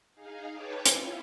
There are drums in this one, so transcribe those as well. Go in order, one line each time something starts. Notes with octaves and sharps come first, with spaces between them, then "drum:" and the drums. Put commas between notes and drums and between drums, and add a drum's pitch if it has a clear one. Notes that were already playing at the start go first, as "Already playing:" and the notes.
D#4 G#4 F5
B4 C#5 G5 A5 D6
C#4 E4 F4, drum: hi-hat